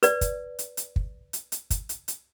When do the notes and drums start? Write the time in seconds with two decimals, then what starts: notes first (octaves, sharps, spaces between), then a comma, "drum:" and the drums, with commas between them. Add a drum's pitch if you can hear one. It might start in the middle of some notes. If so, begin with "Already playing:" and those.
0.03 B4 D5, drum: hi-hat
0.21 drum: kick, hi-hat
0.59 drum: hi-hat
0.77 drum: hi-hat
0.96 drum: kick
1.33 drum: hi-hat
1.52 drum: hi-hat
1.70 drum: kick, hi-hat
1.89 drum: hi-hat
2.08 drum: hi-hat